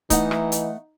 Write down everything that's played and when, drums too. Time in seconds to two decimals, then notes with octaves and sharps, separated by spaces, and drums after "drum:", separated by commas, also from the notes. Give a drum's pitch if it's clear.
0.10 E3 A3 D#4 F#5, drum: kick C#1, hi-hat
0.31 drum: rim click
0.52 drum: hi-hat